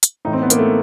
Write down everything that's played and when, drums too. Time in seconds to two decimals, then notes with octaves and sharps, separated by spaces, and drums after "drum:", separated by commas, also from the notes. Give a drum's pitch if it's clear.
0.03 drum: hi-hat
0.25 A2 E3 D#4
0.33 C4
0.42 B3
0.50 A#3, drum: hi-hat
0.59 A3